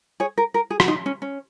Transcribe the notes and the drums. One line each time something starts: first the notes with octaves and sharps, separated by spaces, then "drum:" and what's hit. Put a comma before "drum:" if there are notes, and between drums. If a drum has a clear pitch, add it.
G#4 C#5
A#4
A#4
G#4
F#4, drum: rim click
D#4
C#4
C#4